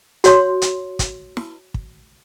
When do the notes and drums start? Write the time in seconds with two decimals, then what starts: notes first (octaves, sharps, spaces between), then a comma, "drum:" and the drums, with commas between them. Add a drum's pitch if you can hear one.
0.24 F#4 C#5 C6, drum: hi-hat
0.62 drum: hi-hat
0.99 drum: kick, hi-hat
1.37 drum: snare
1.74 drum: kick